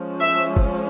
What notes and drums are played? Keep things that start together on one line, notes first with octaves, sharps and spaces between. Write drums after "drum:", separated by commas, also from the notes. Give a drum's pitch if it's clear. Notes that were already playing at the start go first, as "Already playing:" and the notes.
Already playing: F3 G#3 C#4
E5
drum: kick